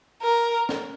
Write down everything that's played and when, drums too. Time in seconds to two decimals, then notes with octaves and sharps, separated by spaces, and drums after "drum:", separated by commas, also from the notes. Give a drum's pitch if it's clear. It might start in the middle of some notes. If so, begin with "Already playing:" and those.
0.22 A#4
0.69 drum: snare